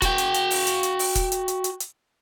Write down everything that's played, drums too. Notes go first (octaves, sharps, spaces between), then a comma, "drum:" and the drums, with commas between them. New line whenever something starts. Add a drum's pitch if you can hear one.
F#4 G5, drum: kick E1, hi-hat
drum: hi-hat
drum: hi-hat
drum: open hi-hat
drum: hi-hat
drum: hi-hat
drum: open hi-hat
drum: kick E1, hi-hat
drum: hi-hat
drum: hi-hat
drum: hi-hat
drum: hi-hat